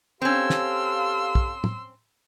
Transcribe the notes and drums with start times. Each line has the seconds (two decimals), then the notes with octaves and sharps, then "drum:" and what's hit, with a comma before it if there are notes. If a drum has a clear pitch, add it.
0.22 C4 C#4 G4 A4 F5 C6 E6
0.50 drum: snare
1.35 drum: kick
1.64 drum: tom